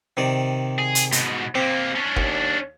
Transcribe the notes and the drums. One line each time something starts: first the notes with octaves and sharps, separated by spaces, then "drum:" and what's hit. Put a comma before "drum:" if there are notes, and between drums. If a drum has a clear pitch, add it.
C3 D#3 D5
G#4
drum: hi-hat
G#2 B2, drum: hi-hat
C3 A#3 C4
C#4 D4
D#2, drum: kick